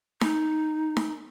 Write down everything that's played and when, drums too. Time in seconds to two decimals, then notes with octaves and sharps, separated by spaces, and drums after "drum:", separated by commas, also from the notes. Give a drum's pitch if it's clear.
0.21 D#4, drum: snare D#4
0.97 drum: snare D#4